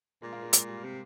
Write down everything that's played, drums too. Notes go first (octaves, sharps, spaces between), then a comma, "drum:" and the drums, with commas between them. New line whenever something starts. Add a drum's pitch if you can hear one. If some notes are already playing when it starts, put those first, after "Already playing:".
A#2 G#3
A#3
G#3
G#3, drum: hi-hat
G3
C3